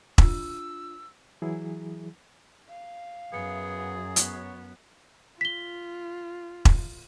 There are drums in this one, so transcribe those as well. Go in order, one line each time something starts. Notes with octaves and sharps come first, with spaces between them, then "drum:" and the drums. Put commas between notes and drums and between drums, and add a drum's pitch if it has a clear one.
D4 F4 E6, drum: kick E1
E3 F#3 E4 G#4
F5
F#2 B3 G#4
B3 C#5, drum: hi-hat
F4 B6 G7
drum: kick E1